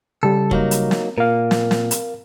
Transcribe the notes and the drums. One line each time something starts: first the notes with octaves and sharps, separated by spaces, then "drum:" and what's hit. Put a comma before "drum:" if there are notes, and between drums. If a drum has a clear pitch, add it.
C#3 G3 A4
F#3 A#3 D#4, drum: kick
drum: hi-hat
drum: snare
A#2 A#4 F5
drum: snare
drum: snare
drum: hi-hat